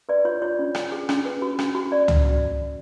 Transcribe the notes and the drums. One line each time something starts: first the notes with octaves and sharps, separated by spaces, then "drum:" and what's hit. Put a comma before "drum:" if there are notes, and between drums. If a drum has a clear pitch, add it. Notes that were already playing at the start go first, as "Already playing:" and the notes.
B4 D5
F4 C#5
F4 C#5
C#4
C#5, drum: rim click
G#4
C#4, drum: rim click
B4
F#4
C#4, drum: rim click
F#4
C#5 D5
drum: tom